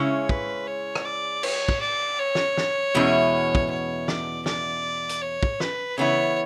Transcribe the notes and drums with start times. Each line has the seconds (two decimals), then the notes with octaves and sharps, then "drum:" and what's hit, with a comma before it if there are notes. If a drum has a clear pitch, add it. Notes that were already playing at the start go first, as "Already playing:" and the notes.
Already playing: C#3 G#3 C#4 E4 C#5
0.29 B4, drum: kick
0.67 C#5
0.95 drum: rim click
1.05 D5
1.43 C#5, drum: cymbal
1.69 drum: kick
1.81 D5
2.19 C#5
2.35 drum: snare
2.57 drum: snare
2.95 E2 B2 G#3 C#4 E4
3.55 drum: kick
3.70 C#5
4.08 D5, drum: snare
4.46 D5, drum: snare
5.09 drum: hi-hat
5.22 C#5
5.43 drum: kick
5.60 B4, drum: snare
5.98 C#3 E3 B3 E4 C#5